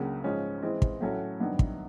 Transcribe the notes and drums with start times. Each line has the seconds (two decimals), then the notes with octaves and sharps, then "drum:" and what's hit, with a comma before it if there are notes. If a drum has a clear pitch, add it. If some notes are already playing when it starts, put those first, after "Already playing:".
Already playing: C#2 C#3 F#3 A#3 D4
0.24 G#2 F3 G#3 C#4
0.63 E3 G#3 C4
0.82 drum: kick
1.00 A2 F#3 A3 C#4 F#4
1.40 G2 D#3 F#3 B3 D4
1.59 drum: kick